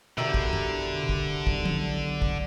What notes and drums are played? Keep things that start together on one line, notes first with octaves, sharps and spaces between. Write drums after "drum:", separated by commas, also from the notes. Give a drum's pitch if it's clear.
B2 D3 E4 G4 A#4
drum: kick
drum: tom F2
drum: kick
B1, drum: kick
drum: tom F3
drum: kick